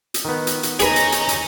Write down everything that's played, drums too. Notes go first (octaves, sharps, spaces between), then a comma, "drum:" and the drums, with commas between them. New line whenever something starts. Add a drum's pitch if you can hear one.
drum: hi-hat
D#3 B3
drum: hi-hat
drum: hi-hat
D#4 G#4 B4 C#5 G#5 A#5, drum: hi-hat
drum: hi-hat
drum: hi-hat
drum: hi-hat